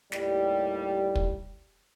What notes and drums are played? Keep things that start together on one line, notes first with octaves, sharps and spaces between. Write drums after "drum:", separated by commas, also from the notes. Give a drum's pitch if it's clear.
D#2 A2 G3, drum: snare
drum: kick